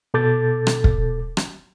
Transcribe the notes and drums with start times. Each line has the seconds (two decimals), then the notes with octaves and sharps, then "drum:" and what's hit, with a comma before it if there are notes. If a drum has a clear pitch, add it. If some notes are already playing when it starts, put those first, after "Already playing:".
0.14 B2 A4 D6 G6 A6
0.67 drum: rim click
0.84 drum: kick
1.37 drum: rim click